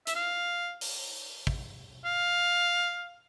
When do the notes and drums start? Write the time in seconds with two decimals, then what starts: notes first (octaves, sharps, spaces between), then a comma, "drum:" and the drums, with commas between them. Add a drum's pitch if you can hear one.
0.07 E5, drum: hi-hat
0.15 F5
0.81 drum: open hi-hat
1.47 drum: kick
2.05 F5